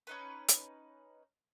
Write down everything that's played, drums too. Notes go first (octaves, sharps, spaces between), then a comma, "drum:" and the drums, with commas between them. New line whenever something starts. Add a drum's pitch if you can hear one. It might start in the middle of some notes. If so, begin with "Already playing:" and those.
C#4 D#4 B4
drum: hi-hat